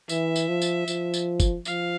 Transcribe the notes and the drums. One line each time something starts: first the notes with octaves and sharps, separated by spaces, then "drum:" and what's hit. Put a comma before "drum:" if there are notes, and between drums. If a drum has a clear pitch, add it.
E3 E5, drum: tambourine
drum: tambourine
F3
drum: tambourine
F3, drum: tambourine
drum: tambourine
drum: kick, tambourine
F3 F5, drum: tambourine